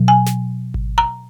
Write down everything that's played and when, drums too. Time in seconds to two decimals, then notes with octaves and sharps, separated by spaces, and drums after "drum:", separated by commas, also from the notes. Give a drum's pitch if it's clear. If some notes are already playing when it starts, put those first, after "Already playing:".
Already playing: B2 F#3
0.08 G#5
0.26 drum: snare
0.74 drum: kick G#1
0.98 A#5